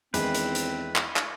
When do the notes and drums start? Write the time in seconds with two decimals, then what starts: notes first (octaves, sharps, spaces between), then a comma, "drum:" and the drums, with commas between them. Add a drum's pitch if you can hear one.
0.14 E2 D#3 G#3 C4 D4 E4 G#4 B4, drum: hi-hat
0.34 drum: hi-hat
0.55 drum: hi-hat
0.96 drum: clap
1.16 drum: clap